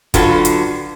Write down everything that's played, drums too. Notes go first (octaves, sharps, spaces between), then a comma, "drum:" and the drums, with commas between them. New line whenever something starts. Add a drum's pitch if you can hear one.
D3 F#3 F4 F#4 A4 B4, drum: kick, hi-hat
drum: hi-hat